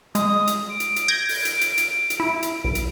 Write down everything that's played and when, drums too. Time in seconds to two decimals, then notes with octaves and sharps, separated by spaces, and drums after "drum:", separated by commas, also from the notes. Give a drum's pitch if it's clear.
0.15 G#3 D#6, drum: hi-hat
0.47 drum: hi-hat
0.70 D7
0.80 drum: hi-hat
0.96 drum: hi-hat
1.08 G6 G#6 A#6
1.29 drum: open hi-hat
1.45 drum: hi-hat
1.61 drum: hi-hat
1.78 drum: hi-hat
2.10 drum: hi-hat
2.20 E4
2.43 drum: hi-hat
2.65 B1
2.75 drum: hi-hat